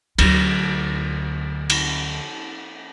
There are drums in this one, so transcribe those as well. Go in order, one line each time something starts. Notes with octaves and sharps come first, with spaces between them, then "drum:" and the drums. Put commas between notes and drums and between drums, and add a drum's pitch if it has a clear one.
D2 F#3, drum: cymbal
drum: cymbal